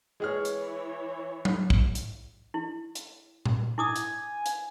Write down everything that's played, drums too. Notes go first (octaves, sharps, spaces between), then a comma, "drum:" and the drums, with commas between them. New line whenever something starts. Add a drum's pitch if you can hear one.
E3 G#3 G#4 C#5 F6
drum: hi-hat
drum: tom F#3
drum: kick
drum: hi-hat
E4
drum: hi-hat
drum: tom A#2
E4 G#5 D6 D#6
drum: hi-hat
drum: hi-hat